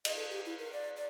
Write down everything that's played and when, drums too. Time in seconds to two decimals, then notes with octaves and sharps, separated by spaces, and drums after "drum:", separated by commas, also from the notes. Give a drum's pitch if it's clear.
0.05 D#5, drum: cymbal
0.16 A4
0.30 G4
0.45 E4
0.58 A#4
0.72 D5
0.96 D5